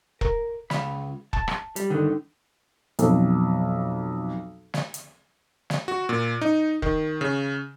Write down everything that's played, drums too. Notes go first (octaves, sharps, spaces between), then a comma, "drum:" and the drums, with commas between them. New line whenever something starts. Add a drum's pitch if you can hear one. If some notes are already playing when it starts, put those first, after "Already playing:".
A#4, drum: kick E1
C#2 F5 B5, drum: snare
A5, drum: kick E1
drum: rim click
G3, drum: hi-hat
G2 D3 D#3
B1 F2, drum: hi-hat
drum: snare
drum: hi-hat
drum: snare
F#4
A#2
D#4
D#3, drum: kick E1
C#3